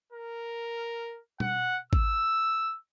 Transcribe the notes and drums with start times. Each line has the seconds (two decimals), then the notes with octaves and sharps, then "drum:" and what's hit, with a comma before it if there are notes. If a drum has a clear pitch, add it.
0.12 A#4
1.40 F#5, drum: tom
1.93 E6, drum: kick G#1